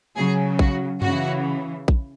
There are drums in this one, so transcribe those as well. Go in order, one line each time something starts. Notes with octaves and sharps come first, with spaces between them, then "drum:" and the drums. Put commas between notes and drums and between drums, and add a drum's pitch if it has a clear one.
C#3 F#3 G#4
F#4, drum: kick A#1
C#3 E3 F#4, drum: tom F#2
drum: kick A#1